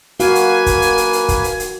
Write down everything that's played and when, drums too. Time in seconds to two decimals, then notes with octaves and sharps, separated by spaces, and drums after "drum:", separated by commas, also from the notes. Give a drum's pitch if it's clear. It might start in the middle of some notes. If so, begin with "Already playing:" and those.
0.20 A#3 F#4 A#4 B4 F5 G#5, drum: hi-hat
0.35 drum: hi-hat
0.66 drum: kick, hi-hat
0.82 drum: hi-hat
0.97 drum: hi-hat
1.13 drum: hi-hat
1.29 drum: kick, hi-hat
1.44 drum: hi-hat
1.60 drum: hi-hat